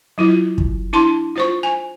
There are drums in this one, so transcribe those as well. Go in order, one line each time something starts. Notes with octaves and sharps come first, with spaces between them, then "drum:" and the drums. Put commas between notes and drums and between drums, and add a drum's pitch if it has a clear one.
F#3 E4 F4
drum: kick
D4 E4 A5 C6
F4 C5 C#6
G#5